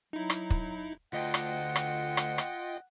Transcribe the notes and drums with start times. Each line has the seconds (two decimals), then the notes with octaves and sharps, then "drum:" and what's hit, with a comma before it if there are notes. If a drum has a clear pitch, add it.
0.13 F#3 D#4 E4
0.30 drum: rim click
0.50 drum: kick
1.13 D2 F4 D#5 F#5 G5
1.34 drum: rim click
1.76 drum: rim click
2.17 drum: rim click
2.38 drum: rim click